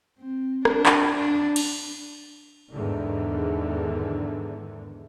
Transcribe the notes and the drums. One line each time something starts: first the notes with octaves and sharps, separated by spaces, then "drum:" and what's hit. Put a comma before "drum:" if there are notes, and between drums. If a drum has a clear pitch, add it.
C4
D4, drum: rim click
drum: clap
D4
drum: cymbal
E2 G#2 D3 D#3